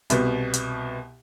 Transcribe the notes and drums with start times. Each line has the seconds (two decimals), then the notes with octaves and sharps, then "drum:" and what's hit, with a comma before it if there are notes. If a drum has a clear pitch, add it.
0.10 C2 B2, drum: hi-hat
0.54 drum: hi-hat